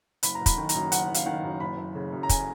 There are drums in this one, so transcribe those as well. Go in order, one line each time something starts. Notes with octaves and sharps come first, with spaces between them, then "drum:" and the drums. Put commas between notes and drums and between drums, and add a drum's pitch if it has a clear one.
F#1 B5, drum: hi-hat
A#5
F#1
B5, drum: kick, hi-hat
D#3
A#5, drum: hi-hat
F#2
F#1 F#5, drum: hi-hat
F#1
F5, drum: hi-hat
D#3 F#5
F#2
F#1 B5
F#1
C#3
F#2
A#5
G#5, drum: kick, hi-hat